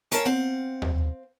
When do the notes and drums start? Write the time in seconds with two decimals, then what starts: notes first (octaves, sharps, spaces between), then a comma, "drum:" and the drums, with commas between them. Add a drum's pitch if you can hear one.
0.12 C#4 F4 A#4 D5 F5 A5, drum: hi-hat
0.26 C4 F5 F#5
0.82 drum: tom D#2